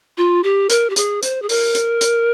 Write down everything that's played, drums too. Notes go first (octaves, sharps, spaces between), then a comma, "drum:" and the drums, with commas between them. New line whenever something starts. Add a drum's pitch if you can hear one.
F4
G4
A#4, drum: hi-hat
G4
G#4, drum: hi-hat
C5, drum: hi-hat
G#4
A#4, drum: open hi-hat
drum: hi-hat
drum: hi-hat